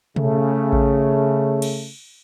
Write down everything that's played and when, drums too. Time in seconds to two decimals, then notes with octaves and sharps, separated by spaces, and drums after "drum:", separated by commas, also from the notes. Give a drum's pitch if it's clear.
0.16 C#3 A3, drum: tom
0.73 drum: kick A1
1.62 drum: cymbal